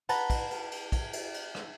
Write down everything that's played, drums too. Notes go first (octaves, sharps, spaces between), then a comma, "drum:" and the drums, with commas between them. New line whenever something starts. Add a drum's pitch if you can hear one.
B4 F#5 A5 A#5, drum: cymbal
drum: kick, cymbal
drum: cymbal
drum: cymbal
drum: kick, cymbal
drum: cymbal
drum: cymbal
drum: rim click